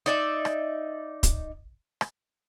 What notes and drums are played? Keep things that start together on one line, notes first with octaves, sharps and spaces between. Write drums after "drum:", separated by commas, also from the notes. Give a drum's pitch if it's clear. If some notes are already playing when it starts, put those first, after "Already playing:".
D#4 D5 E5
drum: rim click
drum: kick, hi-hat
drum: rim click